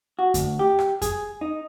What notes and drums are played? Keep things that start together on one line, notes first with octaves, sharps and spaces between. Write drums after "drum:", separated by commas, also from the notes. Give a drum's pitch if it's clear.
F#4
D2, drum: kick F2, hi-hat
G4
drum: rim click
G#4, drum: kick F2, hi-hat
D#4